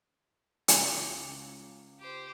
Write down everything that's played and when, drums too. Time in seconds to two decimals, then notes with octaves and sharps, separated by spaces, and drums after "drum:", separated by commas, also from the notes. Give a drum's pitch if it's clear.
0.68 C#2 D6 C7, drum: hi-hat
2.00 G4 C5